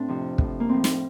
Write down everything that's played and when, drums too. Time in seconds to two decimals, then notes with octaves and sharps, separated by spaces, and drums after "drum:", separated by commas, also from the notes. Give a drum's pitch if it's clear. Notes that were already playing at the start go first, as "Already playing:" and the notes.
Already playing: A2 C4 D4
0.08 F2 C3 F3
0.38 A2 F3, drum: kick
0.60 A#3
0.69 A2 F3 C4
0.84 drum: snare